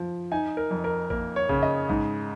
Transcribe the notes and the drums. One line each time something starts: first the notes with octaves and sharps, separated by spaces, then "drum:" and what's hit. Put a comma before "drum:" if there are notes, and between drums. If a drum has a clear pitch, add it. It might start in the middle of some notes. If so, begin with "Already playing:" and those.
Already playing: F3
D#4 G#5
A#4
F2
A#4
A#3 A#4, drum: kick A1
C#5
C#3, drum: kick A1
D#5
G#2, drum: kick A1